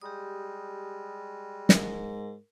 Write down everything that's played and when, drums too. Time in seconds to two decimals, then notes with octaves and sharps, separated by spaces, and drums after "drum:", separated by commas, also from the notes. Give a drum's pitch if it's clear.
0.01 G3 G#3 G4 D#6
1.69 G#2 A#4, drum: snare